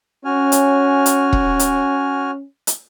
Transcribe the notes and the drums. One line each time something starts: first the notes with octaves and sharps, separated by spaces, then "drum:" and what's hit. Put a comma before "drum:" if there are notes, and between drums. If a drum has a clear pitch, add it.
C#4 F#4 G#5 F6
drum: hi-hat
drum: hi-hat
drum: kick E1
drum: hi-hat
drum: hi-hat